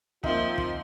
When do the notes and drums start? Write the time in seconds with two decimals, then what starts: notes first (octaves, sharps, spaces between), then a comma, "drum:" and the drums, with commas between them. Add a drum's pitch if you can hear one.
0.24 F3 A#3 C4 D#4 F4 E5 C6, drum: kick
0.58 drum: kick